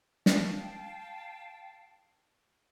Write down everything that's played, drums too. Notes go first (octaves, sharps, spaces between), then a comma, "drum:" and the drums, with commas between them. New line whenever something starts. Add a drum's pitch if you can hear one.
F5 G5 A5, drum: snare